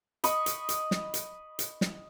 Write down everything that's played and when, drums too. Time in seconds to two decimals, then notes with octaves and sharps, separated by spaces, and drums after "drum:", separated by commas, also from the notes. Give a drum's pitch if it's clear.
0.24 D#5 B5 C#6, drum: hi-hat
0.46 drum: hi-hat
0.69 drum: hi-hat
0.91 drum: snare
1.14 drum: hi-hat
1.59 drum: hi-hat
1.81 drum: snare